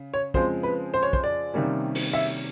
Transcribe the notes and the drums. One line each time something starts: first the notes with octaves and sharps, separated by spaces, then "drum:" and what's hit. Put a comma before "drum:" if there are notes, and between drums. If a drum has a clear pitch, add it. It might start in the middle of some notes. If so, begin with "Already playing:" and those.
Already playing: C#3
C#5
C#3 F3 G#3 C4 C5, drum: kick
B4
C5
C#5
C5, drum: kick
D5
C3 D#3 G3 A#3 C#4
drum: open hi-hat
E5